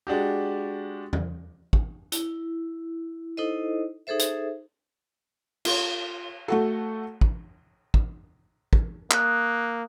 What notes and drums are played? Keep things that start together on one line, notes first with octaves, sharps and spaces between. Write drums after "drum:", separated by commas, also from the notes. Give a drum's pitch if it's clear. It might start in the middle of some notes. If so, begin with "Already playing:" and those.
G#3 D4 F#4 G4
drum: tom E2
drum: kick
E4, drum: hi-hat
D#4 E4 A4 C5 D#5
D#4 G#4 A4 C5 E5
drum: hi-hat
F4, drum: cymbal
A3 F#4 A4
drum: kick
drum: kick
drum: kick
A#3 D#6 F#6, drum: clap